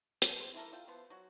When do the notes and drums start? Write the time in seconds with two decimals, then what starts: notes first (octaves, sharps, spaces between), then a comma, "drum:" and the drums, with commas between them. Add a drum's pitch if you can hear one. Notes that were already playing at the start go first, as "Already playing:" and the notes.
0.22 G3 A4, drum: hi-hat
0.37 B4 C5
0.54 E3 E4 A4 A#4
0.73 F4 A4 G5
0.88 F3 B3 C5
1.10 F#3 F#4